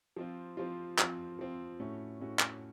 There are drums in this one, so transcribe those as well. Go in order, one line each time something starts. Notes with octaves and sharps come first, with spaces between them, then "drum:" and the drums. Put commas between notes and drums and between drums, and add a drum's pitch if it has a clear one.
F3 C4 F4
F3 C4 F4
F3 C4 F4, drum: clap
F3 C4 F4
A2 A3 C#4 F#4
A2 A3 C#4 F#4
drum: clap